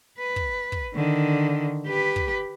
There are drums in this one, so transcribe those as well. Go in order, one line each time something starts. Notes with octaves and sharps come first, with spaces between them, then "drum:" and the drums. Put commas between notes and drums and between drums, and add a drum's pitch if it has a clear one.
B4
drum: kick
drum: kick
D3 D#3
G4 B4
drum: kick